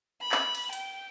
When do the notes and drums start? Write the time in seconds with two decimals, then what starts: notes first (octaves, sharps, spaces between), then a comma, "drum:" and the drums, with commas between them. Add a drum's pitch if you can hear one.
0.22 B5
0.32 drum: clap
0.55 drum: cymbal
0.73 G5, drum: hi-hat